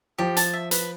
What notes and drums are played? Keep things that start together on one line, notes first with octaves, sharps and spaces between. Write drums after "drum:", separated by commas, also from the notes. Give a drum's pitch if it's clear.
F3 G4
A5, drum: hi-hat
E5
B4, drum: hi-hat